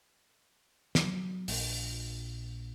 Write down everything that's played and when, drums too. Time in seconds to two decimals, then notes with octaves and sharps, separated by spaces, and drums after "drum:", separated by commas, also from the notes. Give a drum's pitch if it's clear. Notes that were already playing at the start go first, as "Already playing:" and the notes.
0.95 F#3, drum: snare
1.48 A#1 A#2, drum: open hi-hat